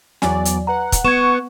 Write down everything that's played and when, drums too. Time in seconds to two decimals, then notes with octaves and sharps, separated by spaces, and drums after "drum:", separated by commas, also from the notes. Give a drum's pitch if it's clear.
0.22 E2 F#3 D5 G#5, drum: snare
0.45 drum: hi-hat
0.67 B4 F#5 A#5
0.92 drum: kick, hi-hat
1.05 B3 C#6 G#6 E7